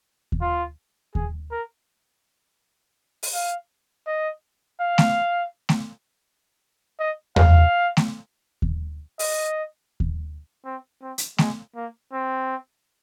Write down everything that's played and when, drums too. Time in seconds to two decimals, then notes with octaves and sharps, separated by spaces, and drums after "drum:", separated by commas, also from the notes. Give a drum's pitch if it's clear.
0.32 drum: kick D#2
0.41 F4
1.15 G#4, drum: kick D#2
1.51 A#4
3.23 drum: open hi-hat
3.34 F5
4.07 D#5
4.80 F5
4.98 drum: snare A3
5.69 drum: snare A3
6.99 D#5
7.36 F5, drum: tom E2
7.97 drum: snare A3
8.62 drum: kick D#2
9.19 D#5, drum: open hi-hat
10.00 drum: kick D#2
10.65 C4
11.02 C4
11.18 drum: hi-hat
11.38 G#3, drum: snare A3
11.75 A#3
12.12 C4